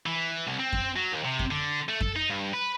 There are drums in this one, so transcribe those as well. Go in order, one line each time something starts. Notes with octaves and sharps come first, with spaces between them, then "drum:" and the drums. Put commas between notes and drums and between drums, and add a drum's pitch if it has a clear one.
E3
C2
C4
drum: kick F#2
F#3
D#2
C3
drum: kick F#2
D3
A3
A4, drum: kick F#2
D#4
G2
B4